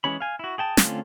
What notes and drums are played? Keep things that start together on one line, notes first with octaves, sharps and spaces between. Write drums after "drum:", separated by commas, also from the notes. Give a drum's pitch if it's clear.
E3 G#3 C#4 C#5 B5
F5 G#5
E4 F#4
G#4 G5 A5
D3 A3 C4 C#4 F4, drum: snare